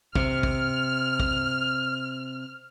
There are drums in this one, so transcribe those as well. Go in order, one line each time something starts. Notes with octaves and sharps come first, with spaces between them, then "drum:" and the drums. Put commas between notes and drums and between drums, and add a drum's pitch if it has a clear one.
C3 F6, drum: kick
drum: kick
drum: kick